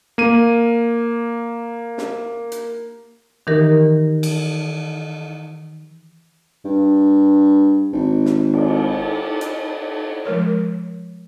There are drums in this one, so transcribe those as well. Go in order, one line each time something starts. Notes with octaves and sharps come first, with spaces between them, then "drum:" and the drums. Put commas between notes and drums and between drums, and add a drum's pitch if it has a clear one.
A#3 D#7
drum: snare
drum: hi-hat
D#3 E3 D#4 G4 A#4 G6
drum: cymbal
G2
G#1
drum: snare
drum: cymbal
drum: hi-hat
F3 G#3 A#4 C#5